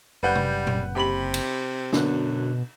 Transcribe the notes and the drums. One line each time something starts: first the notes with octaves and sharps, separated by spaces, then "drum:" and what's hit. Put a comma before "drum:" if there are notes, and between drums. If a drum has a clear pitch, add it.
F#1 G3 B4 F#5 G6
drum: tom C3
drum: tom A#2
C3 G4 B5 F#7
drum: cymbal
F#2 B2 D3, drum: snare